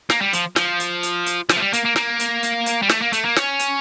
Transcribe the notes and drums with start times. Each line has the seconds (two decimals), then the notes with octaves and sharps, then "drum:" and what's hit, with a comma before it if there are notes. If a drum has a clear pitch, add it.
0.10 A#3, drum: snare
0.21 G3
0.33 F3, drum: hi-hat
0.56 F3, drum: snare
0.80 drum: hi-hat
1.03 drum: hi-hat
1.26 drum: hi-hat
1.49 F3, drum: snare
1.56 A3
1.61 G3
1.73 A#3, drum: hi-hat
1.85 A#3
1.96 A#3, drum: snare
2.20 drum: hi-hat
2.43 drum: hi-hat
2.66 drum: hi-hat
2.82 G3
2.89 A3, drum: snare
3.01 A#3
3.13 A3, drum: hi-hat
3.25 A#3
3.36 C#4, drum: snare
3.59 drum: hi-hat